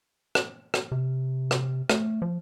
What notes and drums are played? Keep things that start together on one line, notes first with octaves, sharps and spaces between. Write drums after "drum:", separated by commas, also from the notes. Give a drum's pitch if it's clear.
drum: rim click
drum: rim click
C3
drum: rim click
A3, drum: rim click
F3